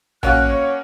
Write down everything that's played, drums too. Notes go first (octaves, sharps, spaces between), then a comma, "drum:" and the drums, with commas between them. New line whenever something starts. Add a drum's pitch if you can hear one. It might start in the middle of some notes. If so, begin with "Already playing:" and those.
A#3 C#4 F#4 F#6, drum: tom A#1
C#5